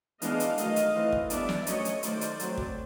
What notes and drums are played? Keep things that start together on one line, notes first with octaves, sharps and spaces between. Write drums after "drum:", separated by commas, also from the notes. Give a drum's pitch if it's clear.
E3 G#3 B3 D4 D#5 F5, drum: hi-hat
drum: hi-hat
D#3 F#3 A3 D#5 F5, drum: hi-hat
drum: hi-hat
E3 A3 C4
drum: kick
G3 B3 D4 D5 E5, drum: hi-hat
drum: snare
F#3 A3 C#4 C#5 D#5, drum: hi-hat
drum: hi-hat
D#3 F#3 A3 C5 D5, drum: hi-hat
drum: hi-hat
F#3 A3 C4, drum: hi-hat
drum: kick